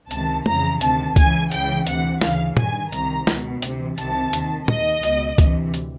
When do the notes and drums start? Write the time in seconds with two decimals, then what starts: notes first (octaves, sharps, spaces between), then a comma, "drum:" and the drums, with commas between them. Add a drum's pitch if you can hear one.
0.11 C#2 C3 D#3 A5, drum: hi-hat
0.46 F2 C#3 E3 A#5, drum: tom
0.81 D2 C3 D#3 A5, drum: hi-hat
1.16 C#2 C#3 E3 G#5, drum: kick C#2, hi-hat
1.51 C#2 C#3 E3 G5, drum: hi-hat
1.87 D2 C3 E3 F#5, drum: hi-hat
2.21 D2 C#3 E3 F5, drum: snare
2.57 G2 D#3 G#5, drum: tom A#2
2.92 C2 C3 D#3 A#5, drum: hi-hat
3.27 C#2 B2, drum: snare
3.62 D2 C3 E3, drum: hi-hat
3.98 C2 C3 D#3 A5, drum: hi-hat
4.33 D#2 D#3, drum: hi-hat
4.68 D#2 D#3 D#5, drum: tom
5.03 C#2 B2, drum: hi-hat
5.38 D2 C3 E3, drum: kick C#2, hi-hat
5.74 drum: hi-hat